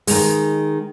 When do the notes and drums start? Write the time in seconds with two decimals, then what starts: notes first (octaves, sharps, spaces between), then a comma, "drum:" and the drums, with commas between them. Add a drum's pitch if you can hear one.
0.07 D#3 G#3, drum: open hi-hat